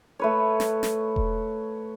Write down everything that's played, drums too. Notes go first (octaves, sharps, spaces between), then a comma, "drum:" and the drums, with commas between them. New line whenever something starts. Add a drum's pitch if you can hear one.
A3 B4 C#5
drum: snare
drum: snare
drum: kick E1